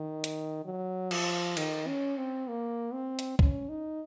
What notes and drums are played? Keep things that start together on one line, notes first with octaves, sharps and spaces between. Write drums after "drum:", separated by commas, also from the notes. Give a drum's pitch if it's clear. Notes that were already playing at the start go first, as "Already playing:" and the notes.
Already playing: D#3
drum: hi-hat
F#3
F3, drum: cymbal
D#3, drum: cymbal
C#4
C4
A#3
C4
drum: hi-hat
C#4, drum: kick C2
D#4